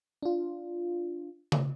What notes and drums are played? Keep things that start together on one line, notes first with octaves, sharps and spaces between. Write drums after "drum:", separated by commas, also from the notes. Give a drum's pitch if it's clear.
D4 F4
drum: tom C#3